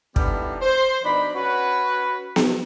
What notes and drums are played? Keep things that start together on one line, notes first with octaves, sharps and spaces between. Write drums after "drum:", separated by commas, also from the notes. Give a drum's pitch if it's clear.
D3 E3 G3 B3 D4 D#4, drum: kick
C5
B2 F3 D4 D#4 B5
C#4 F#4 B4
drum: snare B3